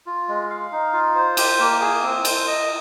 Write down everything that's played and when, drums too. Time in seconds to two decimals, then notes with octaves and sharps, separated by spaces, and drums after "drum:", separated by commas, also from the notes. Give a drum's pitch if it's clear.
0.06 F4
0.28 G#3
0.50 F5
0.72 D#4
0.93 F4
1.15 C5
1.37 G4, drum: cymbal
1.59 A#3
1.81 G#4
2.03 C4
2.25 C5, drum: cymbal
2.47 D#5